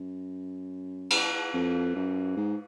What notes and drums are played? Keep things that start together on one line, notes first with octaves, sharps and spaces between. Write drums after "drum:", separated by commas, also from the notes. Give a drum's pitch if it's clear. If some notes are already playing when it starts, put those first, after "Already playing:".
Already playing: F#2
drum: cymbal
F2
F#2
G#2